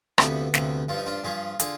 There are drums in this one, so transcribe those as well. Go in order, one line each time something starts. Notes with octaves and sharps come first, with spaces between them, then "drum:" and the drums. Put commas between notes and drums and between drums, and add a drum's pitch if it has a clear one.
D2 C3 F3 B3, drum: rim click
D2 C3 F3, drum: snare
G2 F3 F4
D#4
D4 F4
G2 F3 F4 G#4
D3 F4 G#4, drum: hi-hat